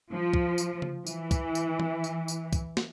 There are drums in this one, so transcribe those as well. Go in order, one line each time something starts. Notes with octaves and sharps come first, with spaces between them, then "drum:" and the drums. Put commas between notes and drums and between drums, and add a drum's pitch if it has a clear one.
F3
drum: kick
drum: tambourine
drum: tom C#3
E3, drum: tambourine
drum: kick, tambourine
drum: tambourine
drum: tom E3
drum: tambourine
drum: tambourine
drum: kick, tambourine
drum: snare